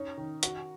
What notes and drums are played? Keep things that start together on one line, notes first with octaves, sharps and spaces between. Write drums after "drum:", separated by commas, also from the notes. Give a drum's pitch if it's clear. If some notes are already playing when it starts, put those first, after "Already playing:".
Already playing: C#4 D#4
D#3
F#4, drum: hi-hat